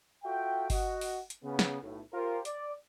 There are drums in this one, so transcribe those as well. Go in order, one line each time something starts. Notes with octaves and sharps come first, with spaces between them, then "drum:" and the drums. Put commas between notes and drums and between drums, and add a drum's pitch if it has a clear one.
F4 F#4 A4 E5 G5
F#4 D#5 F#5, drum: kick G1, open hi-hat
drum: open hi-hat
drum: hi-hat
C#3 B3
drum: snare
B1 A2
F4 G4 A#4 C5
D5, drum: hi-hat